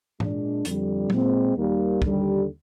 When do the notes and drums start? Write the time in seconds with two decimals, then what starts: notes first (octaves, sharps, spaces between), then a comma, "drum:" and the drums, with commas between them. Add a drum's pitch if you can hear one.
0.20 A#2 G#3 D4, drum: tom
0.65 F2 D3 G3, drum: hi-hat
1.10 A#2 G#3 C4, drum: tom
1.55 D#2 D#3 G3 A#3
2.02 D#2 D3 G3, drum: kick